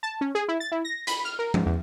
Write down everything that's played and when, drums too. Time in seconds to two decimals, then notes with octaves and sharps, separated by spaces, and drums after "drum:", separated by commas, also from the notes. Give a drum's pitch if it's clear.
0.03 A5
0.21 C#4
0.35 G#4
0.48 E4
0.60 A6
0.72 E4
0.85 A#6
1.07 B5, drum: hi-hat
1.25 F6
1.39 A#4
1.54 G#2, drum: tom F3
1.66 E2